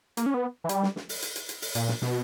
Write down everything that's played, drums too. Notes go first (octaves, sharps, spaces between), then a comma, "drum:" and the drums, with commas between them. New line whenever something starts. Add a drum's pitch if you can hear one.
A#3, drum: hi-hat
C#4
B3
E3
G3, drum: hi-hat
drum: snare
drum: snare
drum: open hi-hat
drum: hi-hat
drum: hi-hat
drum: hi-hat
drum: open hi-hat
A#2, drum: hi-hat
drum: snare
B2, drum: snare